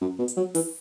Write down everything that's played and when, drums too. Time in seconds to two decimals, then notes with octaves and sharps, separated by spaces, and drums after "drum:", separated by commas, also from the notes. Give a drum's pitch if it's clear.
0.01 F#2
0.19 B2
0.28 drum: hi-hat
0.37 F#3
0.55 E3, drum: open hi-hat